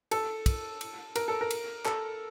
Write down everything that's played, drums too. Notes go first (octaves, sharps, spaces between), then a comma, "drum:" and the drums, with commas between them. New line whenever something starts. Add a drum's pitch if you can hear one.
A4, drum: cymbal
drum: kick, cymbal
drum: cymbal
A#4, drum: cymbal
A4
A#4
drum: cymbal
A4, drum: clap